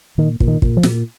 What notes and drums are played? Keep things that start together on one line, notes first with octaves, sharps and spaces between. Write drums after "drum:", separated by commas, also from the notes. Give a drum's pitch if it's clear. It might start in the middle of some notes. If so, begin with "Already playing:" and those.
A#2 D#3
A#2, drum: kick
D#3
A#2, drum: kick
F3
A#2, drum: snare